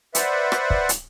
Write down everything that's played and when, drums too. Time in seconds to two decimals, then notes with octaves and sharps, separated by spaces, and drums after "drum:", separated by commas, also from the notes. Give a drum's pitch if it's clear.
0.15 B4 C5 D5 E5 F#5, drum: hi-hat
0.52 drum: rim click
0.70 drum: kick
0.89 drum: hi-hat